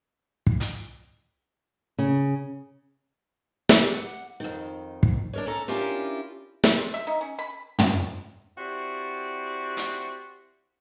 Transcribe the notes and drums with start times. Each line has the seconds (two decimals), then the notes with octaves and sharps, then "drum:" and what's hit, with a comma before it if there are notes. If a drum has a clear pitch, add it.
0.47 drum: kick
0.60 drum: hi-hat
1.99 C#3
3.69 G4, drum: snare
3.94 F#5
4.40 F2 D#3
5.03 drum: kick
5.33 D4 A#4 C#5
5.46 C#4 A4 A#5
5.68 C#4 D4 E4 F4 G4 A#4
6.64 drum: snare
6.77 C5
6.94 E5
7.07 D#4
7.21 C#4
7.39 B5
7.79 drum: tom
8.58 C4 E4 F#4 G4 D5
9.77 drum: hi-hat